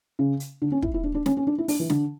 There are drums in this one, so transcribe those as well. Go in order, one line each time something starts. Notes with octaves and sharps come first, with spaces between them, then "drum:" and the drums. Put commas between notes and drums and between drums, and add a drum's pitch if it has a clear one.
C#3
drum: hi-hat
D3
C#4
E4, drum: kick
E4
D4
D4
C#4, drum: snare
C#4
D4
E4
D4, drum: open hi-hat
E3
D3, drum: snare